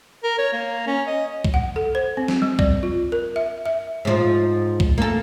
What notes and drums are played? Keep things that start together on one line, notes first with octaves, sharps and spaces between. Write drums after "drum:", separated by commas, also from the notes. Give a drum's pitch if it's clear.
A#4
C#5
A#3
C#4
D#5
drum: kick
F#5
A4
C5
C4
drum: snare
G3
D5, drum: kick
F4
A#4
E5
E5
G#2 F3
drum: kick
A#3 A4